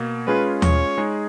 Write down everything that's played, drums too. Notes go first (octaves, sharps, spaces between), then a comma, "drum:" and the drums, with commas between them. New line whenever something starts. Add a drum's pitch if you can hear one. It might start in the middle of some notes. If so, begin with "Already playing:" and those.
Already playing: B2 A#3
G#3 C#4 F4 G#4 B4
C#5, drum: tom D#2
G#3 D#4 G#4